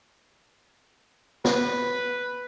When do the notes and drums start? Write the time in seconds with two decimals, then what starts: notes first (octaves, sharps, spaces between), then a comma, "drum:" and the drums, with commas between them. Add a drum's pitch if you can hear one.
1.45 B4, drum: snare